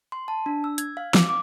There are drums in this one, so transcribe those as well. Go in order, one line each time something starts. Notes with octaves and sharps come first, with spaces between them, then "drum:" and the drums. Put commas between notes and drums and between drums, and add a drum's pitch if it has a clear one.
C6
A5
D4
E6
G#6, drum: hi-hat
F5
D6, drum: snare
D6